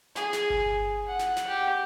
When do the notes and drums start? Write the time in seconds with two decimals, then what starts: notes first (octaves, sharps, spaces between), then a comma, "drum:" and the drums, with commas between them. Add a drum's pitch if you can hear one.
0.16 G#4, drum: snare
0.33 drum: snare
0.50 drum: kick G1
1.07 F#5
1.19 drum: snare
1.36 drum: snare
1.48 G4